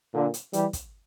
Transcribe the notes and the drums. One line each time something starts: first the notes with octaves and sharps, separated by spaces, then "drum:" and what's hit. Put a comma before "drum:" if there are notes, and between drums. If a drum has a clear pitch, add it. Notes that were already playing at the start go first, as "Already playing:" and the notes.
A#2 D3
drum: hi-hat
E3 G3, drum: hi-hat
drum: kick, hi-hat